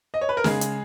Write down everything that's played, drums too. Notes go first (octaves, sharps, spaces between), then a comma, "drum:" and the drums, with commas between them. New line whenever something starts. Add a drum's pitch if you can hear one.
D#5
C#5
B4
A#4
C#3 G#3 G#4, drum: snare
drum: hi-hat